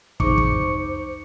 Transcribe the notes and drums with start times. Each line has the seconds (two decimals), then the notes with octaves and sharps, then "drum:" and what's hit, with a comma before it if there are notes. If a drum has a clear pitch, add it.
0.20 C2 F2 G#3 D#4 C5 C#6 D6 C#7, drum: kick
0.38 drum: kick